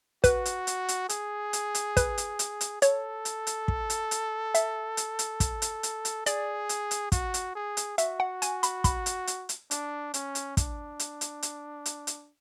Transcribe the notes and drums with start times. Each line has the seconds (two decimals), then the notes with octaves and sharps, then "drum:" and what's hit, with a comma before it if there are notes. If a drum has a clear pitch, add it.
0.24 F#4 B4, drum: kick, hi-hat
0.45 drum: hi-hat
0.67 drum: hi-hat
0.89 drum: hi-hat
1.09 G#4, drum: hi-hat
1.53 drum: hi-hat
1.75 drum: hi-hat
1.97 B4, drum: kick, hi-hat
2.18 drum: hi-hat
2.39 drum: hi-hat
2.61 drum: hi-hat
2.82 A4 C#5, drum: hi-hat
3.25 drum: hi-hat
3.47 drum: hi-hat
3.68 drum: kick
3.90 drum: hi-hat
4.11 drum: hi-hat
4.55 E5, drum: hi-hat
4.97 drum: hi-hat
5.19 drum: hi-hat
5.40 drum: kick, hi-hat
5.62 drum: hi-hat
5.83 drum: hi-hat
6.05 drum: hi-hat
6.26 G#4 D5, drum: hi-hat
6.69 drum: hi-hat
6.91 drum: hi-hat
7.12 F#4, drum: kick, hi-hat
7.34 drum: hi-hat
7.55 G#4
7.77 drum: hi-hat
7.98 F#4 E5, drum: hi-hat
8.20 F#5
8.42 G#5, drum: hi-hat
8.63 B5, drum: hi-hat
8.84 B5, drum: kick, hi-hat
9.06 drum: hi-hat
9.27 drum: hi-hat
9.49 drum: hi-hat
9.71 D4, drum: hi-hat
10.14 C#4, drum: hi-hat
10.35 drum: hi-hat
10.57 D4, drum: kick, hi-hat
10.99 drum: hi-hat
11.21 drum: hi-hat
11.43 drum: hi-hat
11.86 drum: hi-hat
12.07 drum: hi-hat